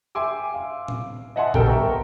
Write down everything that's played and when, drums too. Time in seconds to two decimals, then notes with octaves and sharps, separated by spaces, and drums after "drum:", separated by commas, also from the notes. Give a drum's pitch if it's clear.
0.15 E5 G5 G#5 C6 D6 E6
0.54 F5
0.88 drum: tom A2
1.36 D#5 E5 F#5 G#5 A5 C6
1.54 D#1 B2 G3 A4 A#4 G5, drum: kick A1
1.67 E5 A#5 C#6